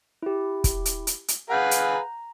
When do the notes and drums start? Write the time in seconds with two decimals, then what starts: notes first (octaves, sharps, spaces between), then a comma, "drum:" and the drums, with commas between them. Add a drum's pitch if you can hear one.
0.23 E4 G4
0.64 drum: kick, hi-hat
0.85 drum: hi-hat
1.07 drum: hi-hat
1.28 drum: hi-hat
1.50 G#4 B4 F5 F#5 F#6 G6
1.71 drum: hi-hat
1.95 A#5